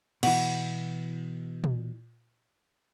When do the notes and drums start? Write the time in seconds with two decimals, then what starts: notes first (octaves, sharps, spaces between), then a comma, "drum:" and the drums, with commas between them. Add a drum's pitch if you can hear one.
0.23 B2 E3 F#5, drum: cymbal
1.64 drum: tom A#2